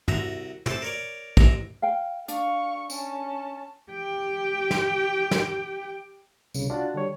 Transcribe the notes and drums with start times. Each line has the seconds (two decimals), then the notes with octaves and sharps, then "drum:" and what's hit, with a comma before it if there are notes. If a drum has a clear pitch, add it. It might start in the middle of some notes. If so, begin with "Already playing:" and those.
0.08 C2 F#4 E5 A#5, drum: tom
0.66 C3 A4 C5 A5, drum: tom
0.82 A#4 C#5 D5
1.37 A1 C3 G#5 A#5, drum: kick
1.82 F5 G5
2.28 D4 F5 C#6, drum: hi-hat
2.90 C#4 A5, drum: tambourine
3.92 G4 G5
4.71 drum: snare
5.31 drum: snare
6.54 C2 C#3, drum: tambourine
6.70 D4 F4 F#4 D5 F#5 A5
6.94 D3 G3 C#5